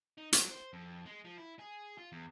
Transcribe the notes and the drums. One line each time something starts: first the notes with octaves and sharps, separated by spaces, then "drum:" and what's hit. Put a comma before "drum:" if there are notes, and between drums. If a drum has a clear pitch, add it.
D#4
F#3, drum: hi-hat
C5
F2
G#3
F3
E4
G#4
F4
E2